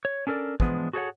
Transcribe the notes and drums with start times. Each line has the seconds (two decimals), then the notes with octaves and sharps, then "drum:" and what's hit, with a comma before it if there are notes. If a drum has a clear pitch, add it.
0.05 C#5
0.27 C#4 D4 A4 A#4 D5
0.60 E3 F3 G#3 B3 D4, drum: kick
0.93 F#4 G#4 A4 C5 C#5 F#5